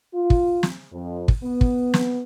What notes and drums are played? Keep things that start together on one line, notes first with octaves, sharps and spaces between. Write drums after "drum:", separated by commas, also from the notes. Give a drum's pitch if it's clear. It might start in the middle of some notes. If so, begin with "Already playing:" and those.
F4
drum: kick
drum: snare
F2
drum: kick
B3
drum: kick
drum: snare